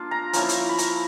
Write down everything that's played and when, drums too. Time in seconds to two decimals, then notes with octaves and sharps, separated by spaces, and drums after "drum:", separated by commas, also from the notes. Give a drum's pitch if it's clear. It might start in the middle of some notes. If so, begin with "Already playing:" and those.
Already playing: A#3 D4 F4
0.11 A#5
0.33 F3 A#3 C#4 E4 A#5, drum: hi-hat
0.49 drum: hi-hat
0.69 B5
0.78 A#5, drum: hi-hat